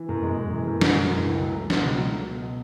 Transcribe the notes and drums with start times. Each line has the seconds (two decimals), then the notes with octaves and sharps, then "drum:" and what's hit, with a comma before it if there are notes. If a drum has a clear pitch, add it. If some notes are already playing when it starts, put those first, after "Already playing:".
Already playing: E3
0.09 F#2
0.23 G#3
0.37 F#2
0.53 E3
0.67 F#2
0.81 G#3, drum: snare
0.97 F#2
1.11 E3
1.26 C#2
1.41 F#3
1.55 A3
1.70 B2, drum: snare
1.84 C#2
1.98 F#3
2.14 A3
2.28 B2